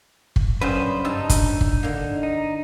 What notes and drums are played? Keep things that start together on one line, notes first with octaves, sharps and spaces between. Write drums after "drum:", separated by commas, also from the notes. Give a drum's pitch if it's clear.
drum: kick
F#2 C#3 G3 B4 C5
G2 D#4 A5 E6
drum: kick, hi-hat
drum: kick
D3 A#3
D#4